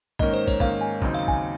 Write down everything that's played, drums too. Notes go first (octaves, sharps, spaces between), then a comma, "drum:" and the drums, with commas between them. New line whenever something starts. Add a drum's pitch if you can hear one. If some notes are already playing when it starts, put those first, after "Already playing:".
G#2 D#3 A#3 C#4 D#5, drum: kick
C5
C#5, drum: kick
G#2 D#3 A#3 C#4 F5, drum: kick
G#5
D#2 C#3 F#3 C4 D#4, drum: kick
F5
G#5, drum: kick